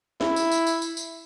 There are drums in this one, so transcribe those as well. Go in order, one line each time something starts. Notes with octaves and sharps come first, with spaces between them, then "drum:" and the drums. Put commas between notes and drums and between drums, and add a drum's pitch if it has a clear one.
E4, drum: snare
drum: tambourine
drum: tambourine
drum: tambourine
drum: tambourine
drum: tambourine